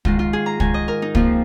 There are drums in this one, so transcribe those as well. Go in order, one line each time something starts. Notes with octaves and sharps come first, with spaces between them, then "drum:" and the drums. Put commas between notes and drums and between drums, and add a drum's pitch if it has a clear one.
G#2 D#3 G#3 F4, drum: kick
F4
G#4
A#5
G#2 D#3 G#3 G#5, drum: kick
D#5
A#4
D#4
F2 F3 A#3 F4, drum: kick